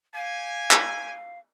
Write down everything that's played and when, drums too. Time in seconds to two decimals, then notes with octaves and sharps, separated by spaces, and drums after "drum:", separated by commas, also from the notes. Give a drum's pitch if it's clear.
0.15 G4 F5 G#5
0.71 drum: clap